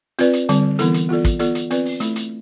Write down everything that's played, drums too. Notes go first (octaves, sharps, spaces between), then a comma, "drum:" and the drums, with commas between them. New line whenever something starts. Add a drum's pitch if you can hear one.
C4 F4 B4 D5, drum: hi-hat
drum: hi-hat
D3 G3 C4, drum: hi-hat
E3 B3 E4 A4, drum: hi-hat
drum: hi-hat
B3 F4 A4 D5
drum: kick, hi-hat
B3 F4 A4 D5, drum: hi-hat
drum: hi-hat
C4 F4 B4 D5, drum: hi-hat
drum: open hi-hat
A3 E4 A4, drum: hi-hat
drum: hi-hat